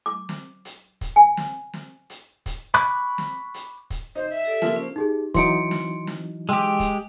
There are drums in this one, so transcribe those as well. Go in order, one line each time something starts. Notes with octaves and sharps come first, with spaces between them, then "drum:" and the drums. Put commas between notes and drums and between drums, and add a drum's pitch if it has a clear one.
D6
drum: snare
drum: hi-hat
drum: kick, hi-hat
G#5
drum: snare
drum: snare
drum: hi-hat
drum: kick, hi-hat
B5 C#6 D6 F#6
drum: snare
drum: hi-hat
drum: kick, hi-hat
D#4 C5
E5
G4 A4 D5
F3 A#3, drum: snare
C#4 C5
D#4 G4 G#4
E3 F#3 D#4 C6 C#7 D7, drum: kick, hi-hat
drum: snare
drum: snare
G#3 G4 G5 C6 E6
drum: kick, hi-hat